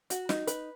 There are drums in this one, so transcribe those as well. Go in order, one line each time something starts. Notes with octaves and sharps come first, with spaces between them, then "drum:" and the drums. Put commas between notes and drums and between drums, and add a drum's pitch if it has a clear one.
F#4, drum: hi-hat
D#4, drum: snare
B4, drum: hi-hat